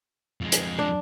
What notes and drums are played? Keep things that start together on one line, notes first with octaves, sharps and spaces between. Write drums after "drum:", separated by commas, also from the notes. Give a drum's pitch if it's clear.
F2 G#3
drum: hi-hat
D4